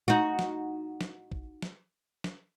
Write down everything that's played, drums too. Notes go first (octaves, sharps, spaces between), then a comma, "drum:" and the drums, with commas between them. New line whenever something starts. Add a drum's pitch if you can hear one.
D#4 F#4
drum: snare
drum: snare
drum: kick
drum: snare
drum: snare